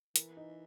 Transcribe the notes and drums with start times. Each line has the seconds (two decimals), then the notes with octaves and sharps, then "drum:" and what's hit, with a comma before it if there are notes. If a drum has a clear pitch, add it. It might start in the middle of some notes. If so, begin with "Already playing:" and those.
0.16 E3 A#4, drum: hi-hat
0.37 D#4